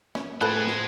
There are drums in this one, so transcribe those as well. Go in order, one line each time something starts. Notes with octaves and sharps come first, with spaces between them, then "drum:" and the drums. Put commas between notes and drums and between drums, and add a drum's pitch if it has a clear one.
C#4, drum: snare
A2 F4 G#4 A4 B4 C5 F#6
drum: snare